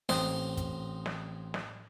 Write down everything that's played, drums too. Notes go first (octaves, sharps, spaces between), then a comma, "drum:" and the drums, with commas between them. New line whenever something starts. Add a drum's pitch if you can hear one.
A1 C4 D#4 C5 C6, drum: snare
drum: kick, hi-hat
drum: snare
drum: snare